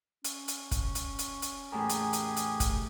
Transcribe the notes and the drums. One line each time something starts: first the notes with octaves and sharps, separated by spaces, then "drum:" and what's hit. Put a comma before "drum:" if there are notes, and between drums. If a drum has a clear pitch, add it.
C#4, drum: hi-hat
drum: hi-hat
drum: kick, hi-hat
drum: hi-hat
drum: hi-hat
drum: hi-hat
E2 A2 G4 G#4 A#4 G#5
drum: hi-hat
drum: hi-hat
drum: hi-hat
drum: kick, hi-hat